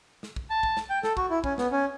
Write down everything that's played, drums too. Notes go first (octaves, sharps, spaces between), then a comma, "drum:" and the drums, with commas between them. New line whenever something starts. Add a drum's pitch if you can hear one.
drum: snare
drum: kick
A5
drum: kick
drum: snare
G5
A4, drum: snare
F#4, drum: kick
E4
C#4, drum: kick
B3, drum: snare
C#4